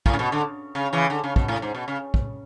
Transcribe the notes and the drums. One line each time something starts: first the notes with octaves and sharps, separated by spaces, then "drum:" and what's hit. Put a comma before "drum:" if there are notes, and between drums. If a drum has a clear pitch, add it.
A2, drum: kick
C#3
B2
D3
C#3
C#3 E3
D3
C#3
B2, drum: kick
A2
G#2
B2
C#3
drum: kick